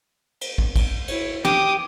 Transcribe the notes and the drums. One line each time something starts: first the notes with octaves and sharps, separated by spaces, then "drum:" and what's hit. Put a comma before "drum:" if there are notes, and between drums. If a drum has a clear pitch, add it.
drum: cymbal
drum: kick
drum: kick, cymbal
E4 C#5, drum: cymbal
G4 D6 D#6, drum: snare